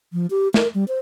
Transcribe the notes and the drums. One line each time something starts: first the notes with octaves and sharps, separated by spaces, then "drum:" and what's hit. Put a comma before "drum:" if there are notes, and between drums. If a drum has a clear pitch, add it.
F3
G4
A#4, drum: snare
G3
C5